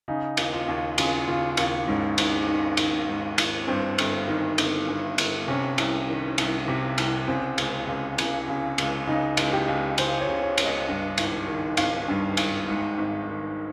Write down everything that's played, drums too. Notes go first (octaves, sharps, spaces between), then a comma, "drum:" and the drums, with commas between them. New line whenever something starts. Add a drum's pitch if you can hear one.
C#3 D#4
D#2, drum: cymbal
F4
D#2
C#3 F4, drum: cymbal
C#3 F4
D#2, drum: cymbal
G#2 C#4
G#1, drum: cymbal
D#3
G#1, drum: cymbal
G#2
G#1, drum: cymbal
G2 C4
G1, drum: cymbal
D#3
G1, drum: cymbal
G2
G1, drum: cymbal
C3 C#4
C2, drum: cymbal
D#3
C2, drum: cymbal
C3
C2, drum: cymbal
C#3 C4
C#2, drum: cymbal
C#2
C#3, drum: cymbal
C#3
C#2, drum: cymbal
C#3 D#4
C#2, drum: cymbal
G4
C#2
C#3 C5, drum: cymbal
C#5
C#3
C#5
C#2, drum: cymbal
D#5
G2
G#1, drum: cymbal
D#3
G#1 F5, drum: cymbal
G2
G#1, drum: cymbal
G#2
G#1
D#3